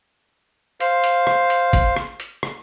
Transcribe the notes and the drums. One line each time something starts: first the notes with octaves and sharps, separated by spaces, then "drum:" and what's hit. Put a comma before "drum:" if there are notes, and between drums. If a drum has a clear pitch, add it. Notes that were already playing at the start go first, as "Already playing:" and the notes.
C5 F5, drum: hi-hat
drum: hi-hat
drum: rim click
drum: hi-hat
drum: kick G#1, hi-hat
drum: rim click
drum: hi-hat
drum: rim click